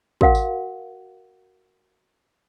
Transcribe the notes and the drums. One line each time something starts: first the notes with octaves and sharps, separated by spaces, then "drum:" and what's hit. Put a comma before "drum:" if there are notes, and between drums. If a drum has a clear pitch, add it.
F#4 A#4 F5 F#5, drum: kick
drum: tambourine